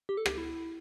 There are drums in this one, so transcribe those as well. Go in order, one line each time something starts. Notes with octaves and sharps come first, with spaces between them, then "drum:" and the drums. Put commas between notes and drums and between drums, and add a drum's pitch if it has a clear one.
G4
A4
G4, drum: rim click
E4